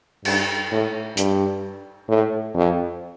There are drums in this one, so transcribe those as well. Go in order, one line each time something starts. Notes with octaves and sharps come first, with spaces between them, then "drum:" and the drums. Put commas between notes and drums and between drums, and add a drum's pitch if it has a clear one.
G2, drum: cymbal
A2
G2, drum: hi-hat
A2
F2